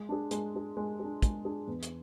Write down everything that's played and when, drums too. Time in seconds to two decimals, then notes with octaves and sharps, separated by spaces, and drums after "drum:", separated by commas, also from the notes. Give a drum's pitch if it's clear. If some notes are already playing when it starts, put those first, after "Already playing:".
Already playing: G#3
0.09 D4 G#4
0.31 G#3, drum: hi-hat
0.54 D4 G#4
0.77 G#3
1.00 D4 G#4
1.22 G#3, drum: kick, hi-hat
1.45 D4 G#4
1.67 E2
1.83 drum: hi-hat